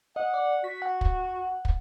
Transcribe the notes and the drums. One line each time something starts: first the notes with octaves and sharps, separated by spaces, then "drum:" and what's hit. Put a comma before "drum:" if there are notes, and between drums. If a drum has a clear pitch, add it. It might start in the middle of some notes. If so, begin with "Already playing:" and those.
D#5 F#5
D5
F#4 B6
F#5
drum: kick
drum: kick